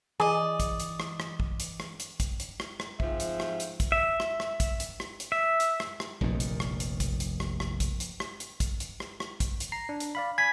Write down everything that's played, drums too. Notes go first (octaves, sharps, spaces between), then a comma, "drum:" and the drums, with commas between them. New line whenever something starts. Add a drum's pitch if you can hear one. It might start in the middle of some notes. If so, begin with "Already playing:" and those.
E3 G#4 D5 D#5
drum: kick, hi-hat
drum: hi-hat
drum: rim click
drum: rim click
drum: kick
drum: hi-hat
drum: rim click
drum: hi-hat
drum: kick, hi-hat
drum: hi-hat
drum: rim click
drum: rim click
G#2 F3 C4 E5, drum: kick
drum: hi-hat
drum: rim click
drum: hi-hat
drum: kick, hi-hat
E5
drum: rim click
drum: rim click
drum: kick, hi-hat
drum: hi-hat
drum: rim click
drum: hi-hat
E5
drum: hi-hat
drum: rim click
drum: rim click
F1 A#1 A#2 D#3, drum: kick
drum: hi-hat
drum: rim click
drum: hi-hat
drum: kick, hi-hat
drum: hi-hat
drum: rim click
drum: rim click
drum: kick, hi-hat
drum: hi-hat
drum: rim click
drum: hi-hat
drum: kick, hi-hat
drum: hi-hat
drum: rim click
drum: rim click
drum: kick, hi-hat
drum: hi-hat
A#5 C7
D4
drum: hi-hat
D5 F5 B5
G#5 B5 G#6 B6